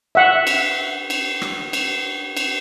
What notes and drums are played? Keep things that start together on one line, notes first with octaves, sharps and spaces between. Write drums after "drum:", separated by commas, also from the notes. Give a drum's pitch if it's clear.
E5 F#5
drum: cymbal
drum: cymbal
drum: rim click
drum: cymbal
drum: cymbal